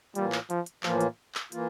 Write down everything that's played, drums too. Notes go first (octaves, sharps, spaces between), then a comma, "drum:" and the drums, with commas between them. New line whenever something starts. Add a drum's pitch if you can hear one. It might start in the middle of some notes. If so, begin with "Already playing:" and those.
A2 E3 G3 A#3 F4, drum: hi-hat
drum: clap
F3, drum: hi-hat
drum: hi-hat
A2 E3 F3 A#3 F4, drum: clap
drum: hi-hat
drum: clap
E3 A#3 F4, drum: hi-hat